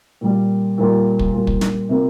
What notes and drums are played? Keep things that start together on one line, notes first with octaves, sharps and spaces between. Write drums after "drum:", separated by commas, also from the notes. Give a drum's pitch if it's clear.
A#2 G3 A#3
A#2 G3 A#3 F4
drum: kick
A#2 G3 A#3 F4
drum: kick
drum: snare
C3 A#3 F4